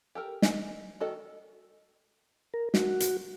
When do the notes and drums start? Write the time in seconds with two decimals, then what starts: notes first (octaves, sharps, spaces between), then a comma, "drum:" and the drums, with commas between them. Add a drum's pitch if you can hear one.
0.15 G4 A4 A#4
0.42 D#5 G#5, drum: snare
1.00 D#3 F#4 A4 D#5
2.54 A#4
2.74 F#4, drum: snare
3.00 drum: hi-hat